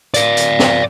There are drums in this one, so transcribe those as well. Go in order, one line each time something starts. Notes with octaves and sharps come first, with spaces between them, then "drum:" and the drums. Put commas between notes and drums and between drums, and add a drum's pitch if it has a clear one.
D5 F5, drum: hi-hat
drum: hi-hat
drum: snare